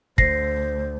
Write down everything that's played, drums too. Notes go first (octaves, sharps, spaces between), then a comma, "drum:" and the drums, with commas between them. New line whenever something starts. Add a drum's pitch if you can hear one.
D2 C5 A#6 C7, drum: kick